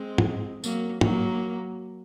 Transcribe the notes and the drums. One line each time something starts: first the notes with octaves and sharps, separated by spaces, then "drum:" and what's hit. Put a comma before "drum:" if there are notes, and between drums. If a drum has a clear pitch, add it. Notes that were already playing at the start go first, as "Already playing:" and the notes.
Already playing: G#3 C4
drum: tom
F#3 A#3, drum: tambourine
F#3 A#3, drum: tom